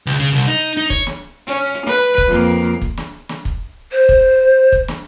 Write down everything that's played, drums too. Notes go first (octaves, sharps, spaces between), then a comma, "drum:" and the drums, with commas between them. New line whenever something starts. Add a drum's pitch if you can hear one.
C#2
C#3
C2
D#4
D#4
C#5, drum: kick
drum: snare
C#4
B4
drum: kick
F2 A#3
drum: kick
drum: snare
drum: snare
drum: kick
C5
drum: kick
drum: kick
drum: snare